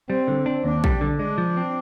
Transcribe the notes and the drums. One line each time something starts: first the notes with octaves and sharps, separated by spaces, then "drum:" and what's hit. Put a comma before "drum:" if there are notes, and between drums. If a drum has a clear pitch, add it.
G3 C4
D3
D4
D#2 D4
G3, drum: kick A#1
D3
G#3 D4
F3
C4